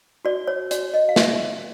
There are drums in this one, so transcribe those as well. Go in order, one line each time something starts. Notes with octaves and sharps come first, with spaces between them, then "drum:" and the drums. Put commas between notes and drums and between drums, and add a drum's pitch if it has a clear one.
F#4 D5
C#5
F#4 D5, drum: hi-hat
D#5
F5
B4 E5, drum: snare